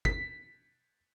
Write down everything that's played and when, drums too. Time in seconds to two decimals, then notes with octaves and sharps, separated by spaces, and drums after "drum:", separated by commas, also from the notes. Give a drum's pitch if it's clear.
0.05 B6, drum: kick